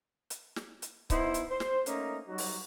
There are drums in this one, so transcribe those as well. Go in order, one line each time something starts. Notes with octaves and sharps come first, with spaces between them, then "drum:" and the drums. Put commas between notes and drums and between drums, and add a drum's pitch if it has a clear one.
drum: hi-hat
drum: snare
drum: hi-hat
B3 D#4 E4 C5, drum: kick C#1, hi-hat
drum: hi-hat
C5
drum: snare
A3 A#3 C#4 D#4, drum: hi-hat
F#3 G3 D#4 F#4
drum: open hi-hat